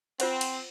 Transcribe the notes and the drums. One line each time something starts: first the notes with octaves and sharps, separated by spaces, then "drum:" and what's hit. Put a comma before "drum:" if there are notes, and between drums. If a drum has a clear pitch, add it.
C4 F4 C5 F#5, drum: cymbal
drum: cymbal